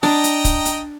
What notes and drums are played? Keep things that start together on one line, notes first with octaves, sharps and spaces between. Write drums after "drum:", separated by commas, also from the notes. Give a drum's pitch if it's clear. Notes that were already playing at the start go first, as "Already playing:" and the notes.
D4 D#5 G5 A#5, drum: snare
drum: hi-hat
drum: kick, hi-hat
drum: hi-hat